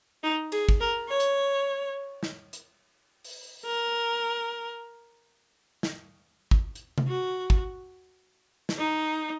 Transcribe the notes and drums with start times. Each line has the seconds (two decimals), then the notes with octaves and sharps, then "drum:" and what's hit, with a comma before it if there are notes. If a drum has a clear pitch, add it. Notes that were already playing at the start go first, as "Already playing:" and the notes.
0.23 D#4
0.52 G#4, drum: cymbal
0.69 drum: kick
0.80 A#4
1.09 C#5
1.20 drum: hi-hat
2.23 drum: snare
2.53 drum: hi-hat
3.24 drum: open hi-hat
3.66 A#4
5.83 drum: snare
6.51 drum: kick
6.75 drum: hi-hat
6.98 drum: tom C3
7.08 F#4
7.50 drum: kick
8.69 drum: snare
8.78 D#4